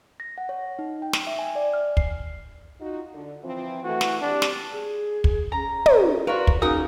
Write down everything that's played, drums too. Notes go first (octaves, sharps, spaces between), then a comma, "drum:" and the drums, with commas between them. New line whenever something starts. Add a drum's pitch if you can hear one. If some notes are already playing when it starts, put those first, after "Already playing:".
A#6
F#5
C#5
D#4
G5
drum: snare
E5
G#5
D5
F6
C7, drum: kick
D#4 F4 F#4
D3
E3 F3 C4
E3 A3 F#4
drum: snare
C4 D4 G4
drum: snare
G#4
drum: kick
C#4 A#5
drum: tom
F4 F#4 A#4 B4 C#5 D5
drum: kick
A#3 C#4 D#4 F#4 G#4 A#4 D#6